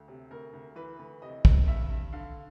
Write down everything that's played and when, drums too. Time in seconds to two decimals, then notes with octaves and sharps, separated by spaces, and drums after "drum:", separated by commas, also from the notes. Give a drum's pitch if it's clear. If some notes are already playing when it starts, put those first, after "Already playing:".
Already playing: D2
0.08 C3
0.31 D2 A#4
0.53 D2
0.76 E3 B4
0.99 D2
1.22 C3 D#5
1.45 C3, drum: kick
1.67 G2 E5
1.90 G2
2.13 D3 F5